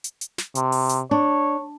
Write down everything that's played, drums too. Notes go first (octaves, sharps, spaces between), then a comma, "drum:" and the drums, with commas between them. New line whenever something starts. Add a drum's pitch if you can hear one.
drum: hi-hat
drum: hi-hat
drum: snare
C3, drum: hi-hat
drum: open hi-hat
drum: hi-hat
D4 C#5